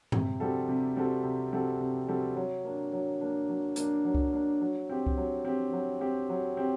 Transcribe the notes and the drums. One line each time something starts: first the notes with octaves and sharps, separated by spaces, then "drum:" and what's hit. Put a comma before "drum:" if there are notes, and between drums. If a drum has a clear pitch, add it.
C3, drum: tom G2
G3 C4 F#4 A4
C3
G3 C4 F#4 A4
C3
G3 C4 F#4 A4
C3
G3 C4 F#4 A4
F#3
A#3 D4
F#3
A#3 D4
F#3
A#3 D4, drum: hi-hat
F#3
drum: kick C2
A#3 D4
F#3
C4 G4
drum: kick C2
F#3
C4 G4
F#3
C4 G4
F#3
C4 G4